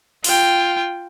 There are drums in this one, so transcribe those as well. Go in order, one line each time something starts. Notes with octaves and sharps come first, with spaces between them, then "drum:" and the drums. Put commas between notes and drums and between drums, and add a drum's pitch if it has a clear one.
F4 G5, drum: open hi-hat